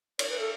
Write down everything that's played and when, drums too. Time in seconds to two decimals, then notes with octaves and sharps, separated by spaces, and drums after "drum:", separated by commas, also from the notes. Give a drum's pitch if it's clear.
0.19 C#5, drum: cymbal
0.29 B4
0.39 A4